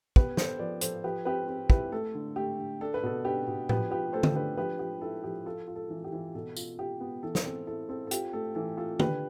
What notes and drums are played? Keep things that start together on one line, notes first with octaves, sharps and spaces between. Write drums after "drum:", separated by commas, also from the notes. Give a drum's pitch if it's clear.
B3 G4 B4, drum: kick
B3 A4 C5, drum: snare
F3 B4 D5
F3 A4 C5, drum: hi-hat
F3 G4 B4
C4 G4 B4
C4
E4 G4 B4, drum: kick
A3 A4
D3
A3 G4
D3
D4 A4
B4
B2 A4
D4 G4 B4
B2
F3 G4 B4, drum: tom A2
F4 G4 B4
A3 A4 C5
drum: tom D3
D4 G4 B4
F3 G4 B4
F3 G4
E4 A4
F3 G4
F4 A4
F4
A4
E3
G4
E3
B2 A4
F4, drum: tambourine
F4 G4
B3
E3 A4
drum: snare
C4 A4
E4 A4
C4 A4
A4
F4 G4, drum: hi-hat
A3 A4
E3 A4
F4 A4
D4 G4 B4, drum: tom